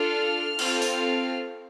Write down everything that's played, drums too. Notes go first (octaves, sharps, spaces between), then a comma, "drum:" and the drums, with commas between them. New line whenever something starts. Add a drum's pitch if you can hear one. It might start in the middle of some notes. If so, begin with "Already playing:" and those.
Already playing: D4 F4 A4 F6
C4 F4 A4, drum: cymbal
drum: open hi-hat